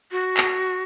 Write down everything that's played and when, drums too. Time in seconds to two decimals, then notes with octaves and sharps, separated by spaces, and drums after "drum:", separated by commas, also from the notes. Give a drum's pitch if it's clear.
0.11 F#4
0.37 drum: clap